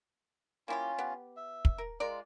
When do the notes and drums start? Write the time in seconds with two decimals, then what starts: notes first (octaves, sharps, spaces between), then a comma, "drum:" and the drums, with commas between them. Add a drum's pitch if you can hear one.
0.68 A#3 C#4 E4 F4 G4
0.98 B3 G4
1.37 E5
1.65 drum: kick
1.78 A#4
2.00 G#3 F4 A#4 D5